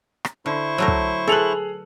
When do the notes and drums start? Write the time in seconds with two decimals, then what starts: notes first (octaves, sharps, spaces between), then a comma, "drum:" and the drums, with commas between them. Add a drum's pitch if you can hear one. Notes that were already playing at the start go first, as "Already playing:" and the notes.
0.25 drum: rim click
0.46 D3 E4 C5 C#6
0.78 F#3 A3 A#4
0.88 drum: kick
1.28 G#4 A4 B4 F7 F#7